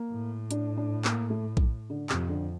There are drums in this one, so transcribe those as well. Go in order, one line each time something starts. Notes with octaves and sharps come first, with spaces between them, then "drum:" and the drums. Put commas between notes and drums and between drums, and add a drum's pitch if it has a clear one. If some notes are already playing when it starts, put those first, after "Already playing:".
Already playing: A#3
A2
D4, drum: hi-hat
D4
A#3, drum: clap
A3
drum: kick A#1
D3
F2 C3, drum: clap
D3